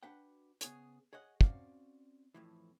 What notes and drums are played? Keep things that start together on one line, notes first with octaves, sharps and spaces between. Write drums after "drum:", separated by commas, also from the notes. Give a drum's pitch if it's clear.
D4 F#4 B4 F#5 G5
C#3 B3 G#4 C#5, drum: hi-hat
G#4 C#5 D#5 F#5
C4 C#4 F#4 D5 F5, drum: kick
F2 A2 E3